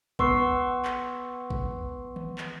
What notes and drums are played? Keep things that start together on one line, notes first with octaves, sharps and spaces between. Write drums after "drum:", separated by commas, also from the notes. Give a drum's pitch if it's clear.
B3 B4 C6 C#6 E6 C7, drum: kick
drum: clap
drum: kick
drum: tom D#3
drum: clap